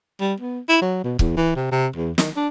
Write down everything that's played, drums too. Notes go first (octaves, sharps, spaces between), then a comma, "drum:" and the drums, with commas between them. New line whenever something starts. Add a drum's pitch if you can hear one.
G3
B3
E4
F#3
B2
E2, drum: kick C#1
E3
C3
C3
E2
D#3, drum: snare
D4